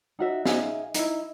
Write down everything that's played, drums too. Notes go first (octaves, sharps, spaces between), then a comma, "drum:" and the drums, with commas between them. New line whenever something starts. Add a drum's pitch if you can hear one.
D#4 F#4 E5
D#4 G#4 E5 F5, drum: snare
D#4 E4, drum: hi-hat